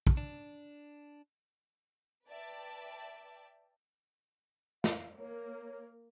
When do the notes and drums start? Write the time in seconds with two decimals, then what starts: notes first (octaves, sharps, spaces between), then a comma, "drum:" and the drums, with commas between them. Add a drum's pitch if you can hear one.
0.07 drum: kick
0.17 D4
2.27 B4 D5 E5 G5 A5 D6
4.84 F5, drum: snare
5.19 A#3 A#4 C#5